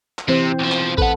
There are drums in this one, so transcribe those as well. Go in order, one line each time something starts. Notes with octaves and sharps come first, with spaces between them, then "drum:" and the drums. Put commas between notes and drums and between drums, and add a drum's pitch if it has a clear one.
drum: clap
C3 E3 C4 C5
B1 F3
drum: clap
A4 B4 F#5, drum: kick